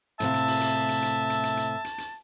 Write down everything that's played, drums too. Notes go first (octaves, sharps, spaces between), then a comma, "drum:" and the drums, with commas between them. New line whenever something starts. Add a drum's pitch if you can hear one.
A2 C3 E5 F5 A5, drum: hi-hat
drum: hi-hat
drum: open hi-hat
drum: hi-hat
drum: hi-hat
drum: hi-hat
drum: hi-hat
drum: hi-hat
drum: hi-hat
drum: hi-hat
drum: hi-hat